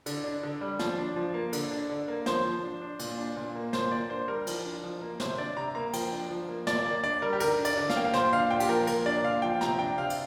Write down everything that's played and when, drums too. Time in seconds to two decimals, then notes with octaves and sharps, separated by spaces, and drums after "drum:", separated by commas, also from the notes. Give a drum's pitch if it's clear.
0.06 D3, drum: cymbal
0.24 D4
0.43 D3
0.61 G3
0.79 F3, drum: snare
0.98 D4
1.16 F3
1.34 A#3
1.53 D3, drum: cymbal
1.71 D4
1.89 D3
2.08 A#3
2.26 F3 C5, drum: snare
2.45 F3
2.63 D4
2.81 D4
2.99 A#2, drum: cymbal
3.18 D4
3.36 A#2
3.55 A#3
3.73 A#2 C5, drum: snare
3.91 A#3 D5
4.10 D4 C5
4.28 G3 A#4
4.47 F3, drum: cymbal
4.65 D4
4.84 F3
5.02 A#3
5.20 C3 C5, drum: snare
5.38 D4 D5
5.57 C3 A#5
5.75 A#3 A#5
5.93 F3 G5, drum: cymbal
6.12 D4
6.30 F3
6.49 A#3
6.67 A#2 D5, drum: snare
6.86 A#3 D5
7.04 D4 D5
7.22 G3 A#4
7.33 G4
7.40 D3 A#4, drum: cymbal
7.59 D4
7.65 D5, drum: cymbal
7.77 D3
7.90 F5, drum: snare
7.96 A#3 G5
8.05 F5
8.14 A#2 C5, drum: snare
8.32 D4 F5
8.50 A#2 G5
8.60 G4, drum: cymbal
8.69 F3 A#4
8.87 A#2 A#4, drum: cymbal
9.06 D4 D5
9.24 A#2 F5
9.42 F3 G5
9.61 C3 A#5, drum: snare
9.79 D4 G5
9.97 C3 F5
10.10 drum: cymbal